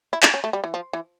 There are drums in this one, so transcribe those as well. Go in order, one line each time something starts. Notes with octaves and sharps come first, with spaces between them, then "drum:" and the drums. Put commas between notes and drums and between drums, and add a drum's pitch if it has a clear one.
E4
D4, drum: clap
C#4
A3
G3
E3
F3
E3